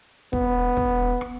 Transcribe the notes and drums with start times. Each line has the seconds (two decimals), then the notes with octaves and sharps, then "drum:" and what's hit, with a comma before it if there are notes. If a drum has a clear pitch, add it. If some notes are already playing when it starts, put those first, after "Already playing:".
0.33 B3, drum: kick
0.77 drum: kick
1.21 drum: rim click